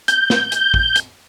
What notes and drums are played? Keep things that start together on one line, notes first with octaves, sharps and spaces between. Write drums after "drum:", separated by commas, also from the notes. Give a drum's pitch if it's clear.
G6, drum: hi-hat
drum: snare
drum: hi-hat
drum: kick
drum: hi-hat